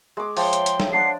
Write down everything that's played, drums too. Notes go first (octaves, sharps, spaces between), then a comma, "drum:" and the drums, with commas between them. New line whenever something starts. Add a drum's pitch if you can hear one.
G#3 D6
F3 C#5 E5 G5 C6, drum: open hi-hat
drum: hi-hat
drum: hi-hat
drum: snare
D4 D5 F#5 C7